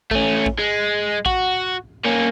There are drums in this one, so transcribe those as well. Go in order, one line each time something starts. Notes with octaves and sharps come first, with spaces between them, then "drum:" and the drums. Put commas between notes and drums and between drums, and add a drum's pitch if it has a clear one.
A3 C#4, drum: kick A1
drum: kick A1
G#3
F#4, drum: kick A1
A#3 C#4